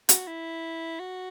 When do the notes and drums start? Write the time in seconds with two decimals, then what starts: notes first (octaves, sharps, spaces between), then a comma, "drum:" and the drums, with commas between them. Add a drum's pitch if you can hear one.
0.09 F#4, drum: hi-hat
0.27 E4
0.99 F#4